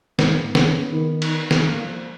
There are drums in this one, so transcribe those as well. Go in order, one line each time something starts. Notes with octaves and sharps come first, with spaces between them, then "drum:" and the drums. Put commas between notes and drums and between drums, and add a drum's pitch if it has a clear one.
G#2 B3, drum: snare
A#3
B3
C#3 B3, drum: snare
D#3
drum: cymbal
drum: snare
A#3
F3